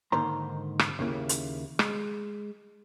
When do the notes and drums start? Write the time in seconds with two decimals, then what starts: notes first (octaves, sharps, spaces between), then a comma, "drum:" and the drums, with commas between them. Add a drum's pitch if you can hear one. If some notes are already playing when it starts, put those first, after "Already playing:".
0.12 G#2 D3 D#3 A#3 C5 A#5
0.79 drum: rim click
0.99 D#2 C#3 A#3 E4
1.29 drum: hi-hat
1.79 G#3, drum: rim click